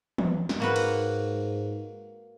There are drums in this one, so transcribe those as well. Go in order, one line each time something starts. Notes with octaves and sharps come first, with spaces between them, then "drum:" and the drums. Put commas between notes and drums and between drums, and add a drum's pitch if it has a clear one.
drum: tom
drum: snare
G#2 A#3 F#4 B4
drum: cymbal